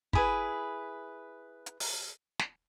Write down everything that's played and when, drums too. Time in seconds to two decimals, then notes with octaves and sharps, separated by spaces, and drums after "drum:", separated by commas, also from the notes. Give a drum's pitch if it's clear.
0.13 E4 G#4 B4, drum: kick
1.66 drum: hi-hat
1.80 drum: open hi-hat
2.39 drum: snare